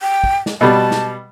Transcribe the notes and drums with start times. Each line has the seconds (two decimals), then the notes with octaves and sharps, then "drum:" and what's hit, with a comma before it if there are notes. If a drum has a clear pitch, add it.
0.01 G5
0.24 drum: kick
0.46 drum: snare
0.61 B2 G3 A5
0.91 drum: snare